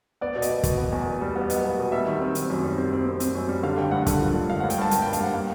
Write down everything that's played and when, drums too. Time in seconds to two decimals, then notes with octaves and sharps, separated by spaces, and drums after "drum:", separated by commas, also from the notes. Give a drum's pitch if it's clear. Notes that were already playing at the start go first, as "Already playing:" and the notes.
0.21 B3 D5
0.36 B2 D5
0.42 D#5, drum: hi-hat
0.50 B3
0.63 B2, drum: kick, hi-hat
0.78 B3
0.92 E2
1.07 B2
1.21 G3
1.36 B3
1.50 B3 D#5, drum: hi-hat
1.64 B3
1.79 B2
1.92 G3 E5
2.06 D#3
2.20 C4
2.35 D#3, drum: hi-hat
2.50 F#2
2.63 G3
2.78 C4
2.93 C4
3.07 C4
3.20 C4, drum: hi-hat
3.35 F#2
3.49 G3
3.63 D3 F5
3.78 D3 G5
3.91 G2 F#5
4.06 D3, drum: kick, hi-hat
4.20 F3
4.34 D3
4.48 G2 F5
4.60 G2 F#5
4.70 G5, drum: hi-hat
4.78 G2 A5
4.91 G2 G5, drum: hi-hat
5.02 G2 G5
5.13 F5, drum: hi-hat
5.20 G2 F#5
5.34 A#3 F5